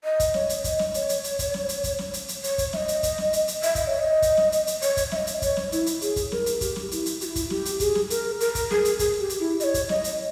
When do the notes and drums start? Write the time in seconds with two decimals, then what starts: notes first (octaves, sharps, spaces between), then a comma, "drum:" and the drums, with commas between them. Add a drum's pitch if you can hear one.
0.04 D#5
0.20 drum: kick, hi-hat
0.34 C#5, drum: snare
0.49 drum: hi-hat
0.64 D#5, drum: kick, hi-hat
0.79 drum: snare
0.94 C#5, drum: hi-hat
1.09 drum: hi-hat
1.24 drum: hi-hat
1.39 drum: kick, hi-hat
1.54 drum: snare
1.69 drum: hi-hat
1.84 drum: kick, hi-hat
1.99 drum: snare
2.14 drum: hi-hat
2.28 drum: hi-hat
2.44 C#5, drum: hi-hat
2.58 drum: kick, hi-hat
2.73 E5, drum: snare
2.77 D#5
2.88 drum: hi-hat
3.03 drum: kick, hi-hat
3.18 drum: snare
3.33 drum: hi-hat
3.48 drum: hi-hat
3.63 E5, drum: hi-hat
3.75 D#5, drum: kick, hi-hat
3.87 C#5
3.99 D#5
4.22 drum: kick, hi-hat
4.37 drum: snare
4.52 drum: hi-hat
4.67 drum: hi-hat
4.82 C#5, drum: hi-hat
4.97 drum: kick, hi-hat
5.12 E5, drum: snare
5.16 D#5
5.27 drum: hi-hat
5.42 C#5, drum: kick, hi-hat
5.57 drum: snare
5.72 E4, drum: hi-hat
5.86 drum: hi-hat
6.01 G#4, drum: hi-hat
6.16 drum: kick, hi-hat
6.32 A#4, drum: snare
6.46 drum: hi-hat
6.61 G4, drum: kick, hi-hat
6.76 drum: snare
6.91 E4, drum: hi-hat
7.06 drum: hi-hat
7.21 G4, drum: hi-hat
7.25 E4
7.36 drum: kick, hi-hat
7.50 G4, drum: snare
7.65 drum: hi-hat
7.80 G#4, drum: kick, hi-hat
7.95 drum: snare
8.10 A#4, drum: hi-hat
8.40 A#4, drum: hi-hat
8.55 drum: kick, hi-hat
8.70 G#4, drum: snare
8.85 drum: hi-hat
8.99 G#4, drum: kick, hi-hat
9.20 G4
9.29 drum: hi-hat
9.40 E4
9.60 D#5, drum: hi-hat
9.64 C#5
9.74 drum: kick, hi-hat
9.89 D#5, drum: snare
10.04 drum: hi-hat